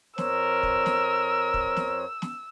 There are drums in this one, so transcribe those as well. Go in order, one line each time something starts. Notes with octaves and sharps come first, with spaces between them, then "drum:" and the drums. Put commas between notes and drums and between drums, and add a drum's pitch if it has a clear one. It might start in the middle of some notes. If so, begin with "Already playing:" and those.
F2 A#4 C5 C#5 E6, drum: snare
drum: kick
drum: snare
drum: kick
drum: snare
drum: snare